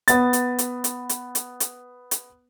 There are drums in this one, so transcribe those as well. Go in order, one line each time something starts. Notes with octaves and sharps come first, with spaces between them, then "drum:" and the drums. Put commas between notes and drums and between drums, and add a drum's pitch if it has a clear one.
B3 A6, drum: hi-hat
drum: hi-hat
drum: hi-hat
drum: hi-hat
drum: hi-hat
drum: hi-hat
drum: hi-hat
drum: hi-hat